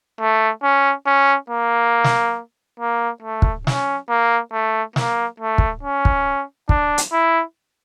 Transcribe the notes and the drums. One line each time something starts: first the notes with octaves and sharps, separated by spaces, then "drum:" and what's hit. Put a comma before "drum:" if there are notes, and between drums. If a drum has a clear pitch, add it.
A3
C#4
C#4
A#3
drum: snare
A#3
A3
drum: kick
C#4, drum: snare
A#3
A3
A#3, drum: snare
A3
drum: kick
C#4
drum: kick
D4, drum: kick
drum: hi-hat
E4